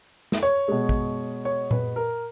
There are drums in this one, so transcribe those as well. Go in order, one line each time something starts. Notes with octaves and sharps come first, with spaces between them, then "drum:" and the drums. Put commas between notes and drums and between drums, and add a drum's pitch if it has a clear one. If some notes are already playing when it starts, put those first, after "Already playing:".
drum: snare
C#5
B2 G#3
drum: kick A1
C#5
B4, drum: tom A#2
A#4